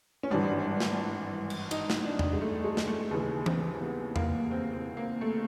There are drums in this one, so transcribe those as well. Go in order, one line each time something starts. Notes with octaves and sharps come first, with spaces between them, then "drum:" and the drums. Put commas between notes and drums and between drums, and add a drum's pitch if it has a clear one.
C#4
G#1 G2 E3 D4
drum: snare
drum: cymbal
D#4, drum: cymbal
drum: snare
D4
drum: tom E2
G#3
A3
G#3
drum: snare
A3
D#2 C#3 E3
C4, drum: tom E3
B3
A#3, drum: tom E2
C4
C4
A#3
A3